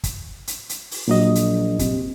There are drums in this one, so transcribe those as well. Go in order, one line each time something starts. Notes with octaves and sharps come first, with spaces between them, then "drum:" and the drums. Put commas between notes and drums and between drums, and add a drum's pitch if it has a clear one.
drum: kick, hi-hat
drum: hi-hat
drum: hi-hat
drum: open hi-hat
A#1 A#2 F#3 D#5
drum: hi-hat
C3, drum: kick, hi-hat